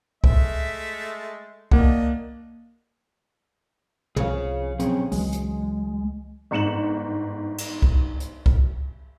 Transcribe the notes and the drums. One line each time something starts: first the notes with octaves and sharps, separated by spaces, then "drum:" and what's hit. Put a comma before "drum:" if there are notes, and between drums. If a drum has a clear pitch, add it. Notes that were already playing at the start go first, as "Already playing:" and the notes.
G#3 A3 E5, drum: kick C2
A#3 D4 D#5 F#5, drum: kick C2
C2 F3 G#4 C#5 F5, drum: tom
F3 F#3 C4 C#4 G#4, drum: hi-hat
C#2 E3 F#3 G#3, drum: open hi-hat
drum: hi-hat
G1 G#2 C#7 E7 F#7
drum: cymbal
drum: kick C2
drum: hi-hat
drum: kick C2